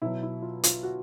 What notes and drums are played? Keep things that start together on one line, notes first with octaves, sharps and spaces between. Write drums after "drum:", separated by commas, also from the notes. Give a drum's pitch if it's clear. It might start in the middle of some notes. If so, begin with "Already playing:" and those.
B2 F#3 E4
E4
F4
F4, drum: hi-hat
F#4